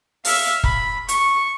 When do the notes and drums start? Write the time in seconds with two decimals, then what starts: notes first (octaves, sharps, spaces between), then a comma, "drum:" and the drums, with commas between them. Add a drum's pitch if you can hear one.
0.25 E5 F5, drum: open hi-hat
0.64 B5, drum: kick F1
1.08 C#6, drum: hi-hat